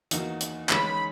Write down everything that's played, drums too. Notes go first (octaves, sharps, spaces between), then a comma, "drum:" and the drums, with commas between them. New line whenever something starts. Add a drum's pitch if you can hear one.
E2 D#3 A#3 D#4 F#4, drum: hi-hat
drum: hi-hat
E2 D#3 G#3 C#4 B5, drum: clap